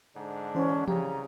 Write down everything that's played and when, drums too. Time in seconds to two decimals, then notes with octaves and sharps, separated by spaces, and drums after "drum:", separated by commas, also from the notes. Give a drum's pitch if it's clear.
0.15 G#2 D3 D4
0.55 E3 C#4 C5
0.88 C2 C#3 G4 A#5, drum: tom E3